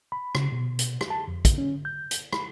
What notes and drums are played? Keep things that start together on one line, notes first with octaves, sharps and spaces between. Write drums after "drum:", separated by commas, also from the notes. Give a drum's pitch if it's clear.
B5
C#3, drum: rim click
B2
drum: hi-hat
drum: rim click
A5
F2
drum: kick, hi-hat
C#4
G6
drum: hi-hat
B5, drum: rim click